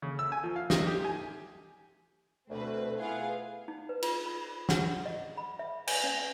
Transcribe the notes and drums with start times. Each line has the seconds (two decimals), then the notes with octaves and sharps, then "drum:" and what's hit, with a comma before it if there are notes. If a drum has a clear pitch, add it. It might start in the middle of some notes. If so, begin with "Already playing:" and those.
0.02 C#3
0.19 E6
0.32 G#5
0.43 F3
0.56 F5
0.70 D#4, drum: snare
0.87 G4
1.04 G#5
2.49 D2 B2 A3 C4 B4
2.99 B3 E4 F4 G#4 F5 F#5
3.68 D#4
3.89 B4
4.02 F4, drum: cymbal
4.26 B5
4.69 F#5, drum: snare
5.06 D#5
5.37 B5
5.59 E5
5.87 G#5, drum: cymbal
6.04 C#4